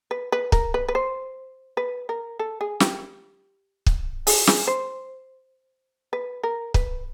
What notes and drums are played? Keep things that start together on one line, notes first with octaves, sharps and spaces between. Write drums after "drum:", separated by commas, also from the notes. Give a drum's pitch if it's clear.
B4
B4
A#4, drum: kick
B4
B4
C5
B4
A#4
A4
G#4
G4, drum: snare
drum: kick
G#4, drum: open hi-hat
G#4, drum: snare
C5
B4
A#4
B4, drum: kick